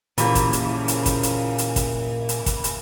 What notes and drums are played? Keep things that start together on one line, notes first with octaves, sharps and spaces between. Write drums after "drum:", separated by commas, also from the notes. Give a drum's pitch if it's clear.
A#2 C#3 E3 F3 A#3 G4, drum: hi-hat
drum: kick, hi-hat
drum: hi-hat
drum: hi-hat
drum: kick, hi-hat
drum: hi-hat
drum: hi-hat
drum: kick, hi-hat
drum: hi-hat
drum: kick, hi-hat
drum: hi-hat